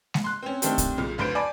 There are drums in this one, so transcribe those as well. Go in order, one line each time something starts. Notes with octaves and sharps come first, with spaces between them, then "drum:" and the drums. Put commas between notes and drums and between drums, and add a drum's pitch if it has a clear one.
drum: snare G#3
C6 F#6
C4 C#4
D#3 A3 C4 D4 G4, drum: hi-hat
drum: kick, hi-hat
B1 A#2 C#3
F#1 D2 B4 C5 G6 D7
D5 G#5 A5 B5 D6